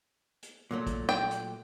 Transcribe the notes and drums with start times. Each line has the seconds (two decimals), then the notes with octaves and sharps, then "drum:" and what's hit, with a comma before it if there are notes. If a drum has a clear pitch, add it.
0.42 drum: hi-hat
0.71 A#2 F#3 A3
0.87 drum: kick, hi-hat
1.09 G5, drum: snare
1.31 drum: hi-hat